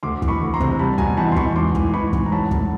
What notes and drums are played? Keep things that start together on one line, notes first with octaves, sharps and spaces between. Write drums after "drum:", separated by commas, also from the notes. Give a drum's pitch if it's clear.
D2 C6 D6
E3, drum: kick
B5 C#6
D2
A#5 C6
C3, drum: kick
G3 A5 B5
B2 G#5 A#5, drum: kick
E2 A5 B5
C6
E2 B5 C#6, drum: kick
G#2 C6 D6
E3, drum: kick
E3 B5 C#6
G#2, drum: kick
A#5
F#3 A5 B5
D2, drum: kick